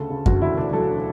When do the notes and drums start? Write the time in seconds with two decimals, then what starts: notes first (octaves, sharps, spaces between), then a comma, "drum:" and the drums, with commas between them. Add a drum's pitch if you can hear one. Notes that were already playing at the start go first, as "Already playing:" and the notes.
Already playing: D2 C#3 A4
0.10 C#3
0.26 D2 F#4, drum: kick F#2
0.41 E1 E4
0.58 D2 D4
0.73 F#3 A4